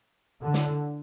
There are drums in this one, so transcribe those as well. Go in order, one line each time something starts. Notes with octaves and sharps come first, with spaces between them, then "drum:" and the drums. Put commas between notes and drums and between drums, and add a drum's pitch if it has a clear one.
D3
drum: snare